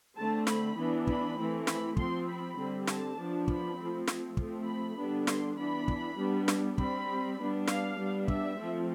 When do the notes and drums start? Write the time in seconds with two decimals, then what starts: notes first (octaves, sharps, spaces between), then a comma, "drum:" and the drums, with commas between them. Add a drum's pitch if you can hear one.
0.17 D3 A3 C4 A5
0.47 B5, drum: snare
0.77 E3 B3 D4
1.07 B5, drum: kick
1.38 E3 A3 C4
1.67 B5, drum: snare
1.97 F3 C4 C6, drum: kick
2.28 B5
2.57 D3 G3 C4
2.88 A5, drum: snare
3.17 F3 B3 D4
3.48 B5, drum: kick
3.77 F3 A3 C4
4.08 drum: snare
4.37 F3 A3 C4, drum: kick
4.68 B5
4.97 D3 G3 B3 D4
5.27 C6, drum: snare
5.57 E3 B3 D4 B5
5.88 drum: kick
6.18 G3 B3 D4
6.48 drum: snare
6.78 G3 C4 B5, drum: kick
7.39 G3 B3 D4
7.68 F5, drum: snare
7.98 G3 B3 D4
8.28 E5, drum: kick
8.58 F3 A3 C4